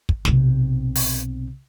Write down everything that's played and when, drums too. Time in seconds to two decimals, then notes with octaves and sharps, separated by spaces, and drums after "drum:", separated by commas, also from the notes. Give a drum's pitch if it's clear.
0.09 drum: kick
0.25 B1 C3, drum: snare
0.95 drum: open hi-hat